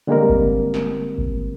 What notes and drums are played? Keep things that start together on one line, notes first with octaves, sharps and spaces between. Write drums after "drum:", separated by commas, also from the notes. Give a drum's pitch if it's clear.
D3 G3 G#3 A#3 C4 A#4
drum: kick G1
drum: snare
drum: kick G1